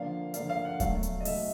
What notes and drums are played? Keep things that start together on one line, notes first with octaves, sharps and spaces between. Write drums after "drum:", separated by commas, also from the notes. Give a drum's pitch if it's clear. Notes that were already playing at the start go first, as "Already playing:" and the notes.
Already playing: D3 F3 A#3 D4 F5
D3 F3 A#3 D4 F5, drum: hi-hat
F5
F#5
B2 F#3 A3 F5, drum: kick D1, hi-hat
drum: hi-hat
D#5
B2 F#3 A3 E5, drum: open hi-hat